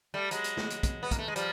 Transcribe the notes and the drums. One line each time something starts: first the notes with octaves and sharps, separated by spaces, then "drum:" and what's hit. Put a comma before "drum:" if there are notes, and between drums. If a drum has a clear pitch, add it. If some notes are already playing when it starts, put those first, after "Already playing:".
G3 A3
F#3 G#3, drum: hi-hat
drum: hi-hat
drum: snare
drum: hi-hat
drum: kick, hi-hat
B3
A#3, drum: kick, hi-hat
A3
G#3
F3 G3, drum: hi-hat